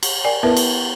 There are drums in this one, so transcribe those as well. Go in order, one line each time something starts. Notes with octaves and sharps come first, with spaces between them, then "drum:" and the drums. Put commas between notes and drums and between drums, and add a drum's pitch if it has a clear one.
drum: cymbal
A#4 D5 G5 G#5
B3 E4 A#4 B4 E5 A5
drum: cymbal